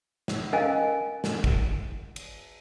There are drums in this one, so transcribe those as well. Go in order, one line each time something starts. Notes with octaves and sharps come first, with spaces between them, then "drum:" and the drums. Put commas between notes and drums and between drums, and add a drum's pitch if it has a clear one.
drum: snare
C#4 A#4 D#5 F5 G#5
drum: snare
drum: kick
drum: cymbal